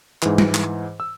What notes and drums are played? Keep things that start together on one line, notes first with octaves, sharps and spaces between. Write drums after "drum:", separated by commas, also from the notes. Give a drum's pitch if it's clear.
G#2 E3, drum: clap
drum: tom G3
drum: clap
E6